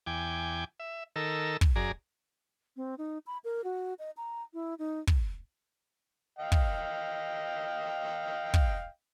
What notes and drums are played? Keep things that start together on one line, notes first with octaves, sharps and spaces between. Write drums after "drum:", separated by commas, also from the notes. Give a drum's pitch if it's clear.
E2 G5 G#5 D6
E5
D#3 A4 A#4 E6
drum: kick
F#2 G#4 D5 A#5
C4
D#4
B5
A#4
F#4
D#5
A#5
E4
D#4
drum: kick
D#5 F5 G5
drum: kick
drum: kick